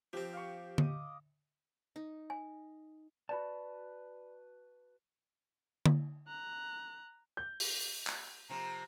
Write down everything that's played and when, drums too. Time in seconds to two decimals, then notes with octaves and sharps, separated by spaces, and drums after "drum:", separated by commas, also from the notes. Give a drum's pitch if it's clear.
0.13 F3 C4 G4
0.33 F5 C#6
0.78 D#5 D6 D#6, drum: tom D3
1.96 D#4
2.30 G#5
3.29 F#4 B4 D5 A5 B5
5.86 drum: tom D3
6.28 A#5 F#6
7.37 G6
7.60 drum: open hi-hat
8.07 drum: clap
8.49 C3 F3 A#3 A#5